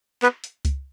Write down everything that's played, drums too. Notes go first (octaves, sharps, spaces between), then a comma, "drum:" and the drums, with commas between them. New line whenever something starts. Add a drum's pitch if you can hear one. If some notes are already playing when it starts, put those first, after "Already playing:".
B3 B4, drum: clap
drum: hi-hat
drum: kick C#2, hi-hat